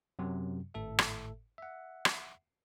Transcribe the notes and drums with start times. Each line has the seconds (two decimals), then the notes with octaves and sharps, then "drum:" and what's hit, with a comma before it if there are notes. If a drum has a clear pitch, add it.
0.19 F#2 C3 F#3
0.74 G#1 A2 A4 E5
0.99 drum: rim click
1.58 E5 F#5
2.05 drum: rim click